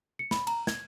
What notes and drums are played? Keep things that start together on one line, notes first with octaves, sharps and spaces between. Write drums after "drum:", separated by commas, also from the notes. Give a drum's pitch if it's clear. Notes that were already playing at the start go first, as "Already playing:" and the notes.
C#7
B5, drum: snare
A#5, drum: cymbal
G#6, drum: snare